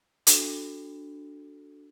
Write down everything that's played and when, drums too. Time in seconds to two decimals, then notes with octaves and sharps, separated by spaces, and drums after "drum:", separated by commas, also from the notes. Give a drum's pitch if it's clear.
0.27 D4 F#4 A4, drum: hi-hat